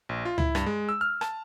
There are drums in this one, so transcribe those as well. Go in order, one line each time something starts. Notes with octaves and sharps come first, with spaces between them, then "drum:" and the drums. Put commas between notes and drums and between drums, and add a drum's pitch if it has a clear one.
A#1
F4
E4, drum: tom C#2
G2, drum: rim click
G#3
E6
F6
A5, drum: rim click